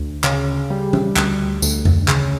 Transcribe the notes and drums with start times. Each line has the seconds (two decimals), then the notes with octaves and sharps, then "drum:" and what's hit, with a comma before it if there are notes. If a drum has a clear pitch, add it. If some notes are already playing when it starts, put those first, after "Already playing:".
Already playing: D2
0.24 C#3, drum: clap
0.70 G3
0.93 drum: tom
1.16 D2, drum: clap
1.62 D2, drum: tambourine
1.85 drum: tom F2
2.08 C#3, drum: clap